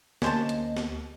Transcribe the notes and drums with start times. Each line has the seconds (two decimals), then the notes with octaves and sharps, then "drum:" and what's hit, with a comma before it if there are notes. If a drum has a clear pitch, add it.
0.22 D2 A#3 C#4 C5 D#5 A5, drum: snare
0.49 drum: hi-hat
0.77 drum: snare